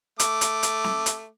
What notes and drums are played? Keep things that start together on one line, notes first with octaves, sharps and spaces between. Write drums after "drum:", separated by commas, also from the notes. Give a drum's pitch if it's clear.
A3 D6, drum: hi-hat
drum: hi-hat
drum: hi-hat
drum: snare
drum: hi-hat